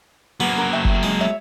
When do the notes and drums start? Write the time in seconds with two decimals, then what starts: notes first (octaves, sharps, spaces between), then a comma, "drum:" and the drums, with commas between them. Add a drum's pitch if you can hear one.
0.40 F#3 A#3 B3
0.57 F#4 A#4 B4
0.73 A3 E5 G5
0.85 drum: kick
1.03 G#3
1.21 C#5 E5